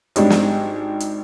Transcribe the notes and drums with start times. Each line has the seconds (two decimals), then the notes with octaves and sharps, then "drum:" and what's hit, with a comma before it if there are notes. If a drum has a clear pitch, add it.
0.16 G#1 G#2 G3 D4, drum: hi-hat
0.30 drum: snare
1.00 drum: hi-hat